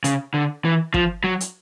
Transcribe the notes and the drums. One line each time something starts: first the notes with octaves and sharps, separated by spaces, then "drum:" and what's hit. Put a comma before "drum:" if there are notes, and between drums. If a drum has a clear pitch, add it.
C#3, drum: hi-hat
D3
E3
F3, drum: kick
F#3
drum: hi-hat